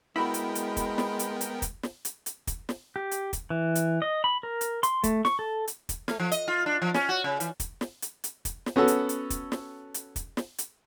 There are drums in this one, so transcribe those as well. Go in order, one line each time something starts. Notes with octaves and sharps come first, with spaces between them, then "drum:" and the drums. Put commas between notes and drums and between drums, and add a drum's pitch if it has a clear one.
G#3 B3 E4 F#4 A#4 G5 B5
drum: hi-hat
drum: hi-hat
drum: kick, hi-hat
drum: snare
drum: hi-hat
drum: hi-hat
drum: kick, hi-hat
drum: snare
drum: hi-hat
drum: hi-hat
drum: kick, hi-hat
drum: snare
G4
drum: hi-hat
drum: kick, hi-hat
E3
drum: hi-hat
D#5
B5
A#4
drum: hi-hat
C6, drum: hi-hat
A3, drum: kick, hi-hat
C#6, drum: snare
A4
drum: hi-hat
drum: kick, hi-hat
A3, drum: snare
F3
D#5, drum: hi-hat
F4
D4
F3
C#4, drum: snare
F#4
C#3
E3, drum: hi-hat
drum: kick, hi-hat
drum: snare
drum: hi-hat
drum: hi-hat
drum: kick, hi-hat
drum: snare
B3 C#4 F#4 A4
drum: hi-hat
drum: hi-hat
drum: kick, hi-hat
drum: snare
drum: hi-hat
drum: kick, hi-hat
drum: snare
drum: hi-hat